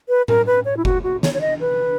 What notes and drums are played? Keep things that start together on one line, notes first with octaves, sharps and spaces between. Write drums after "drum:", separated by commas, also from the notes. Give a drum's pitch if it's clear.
B4
A#4, drum: tom A2
B4
C#5
E4
F#4, drum: kick F#1
F#4
C#5, drum: snare
C#5
D#5
B4